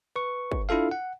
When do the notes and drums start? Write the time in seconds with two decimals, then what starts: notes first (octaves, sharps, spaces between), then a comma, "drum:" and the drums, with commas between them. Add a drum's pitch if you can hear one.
0.16 B4 C#6
0.52 drum: kick
0.69 D4 E4 F4 A4 F5
0.91 F#5